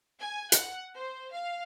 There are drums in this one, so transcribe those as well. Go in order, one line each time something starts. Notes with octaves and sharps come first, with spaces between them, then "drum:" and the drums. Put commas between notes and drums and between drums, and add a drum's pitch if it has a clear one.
G#5
F#5, drum: hi-hat
C5
F5